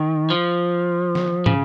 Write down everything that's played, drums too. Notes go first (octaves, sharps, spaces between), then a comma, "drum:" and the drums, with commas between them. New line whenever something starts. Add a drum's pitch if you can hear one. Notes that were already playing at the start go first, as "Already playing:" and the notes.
Already playing: D#3
F3
drum: snare
C#3, drum: tom